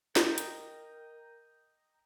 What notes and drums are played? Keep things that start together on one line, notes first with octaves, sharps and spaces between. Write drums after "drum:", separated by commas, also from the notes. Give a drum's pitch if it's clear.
A#4 D#5 G5 A#5, drum: snare
drum: hi-hat